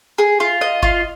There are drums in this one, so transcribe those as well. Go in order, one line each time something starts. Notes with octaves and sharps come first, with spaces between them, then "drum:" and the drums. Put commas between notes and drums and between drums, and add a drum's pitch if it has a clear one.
G#4
F4
D#5
F4, drum: kick G1